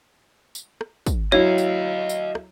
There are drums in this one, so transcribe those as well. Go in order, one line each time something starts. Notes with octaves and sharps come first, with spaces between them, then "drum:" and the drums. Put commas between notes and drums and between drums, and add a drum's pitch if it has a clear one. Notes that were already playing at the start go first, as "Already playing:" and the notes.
drum: tambourine
drum: rim click
drum: kick, tambourine
F#3 E4 C#5 D#5 F5
drum: tambourine
drum: tambourine
drum: rim click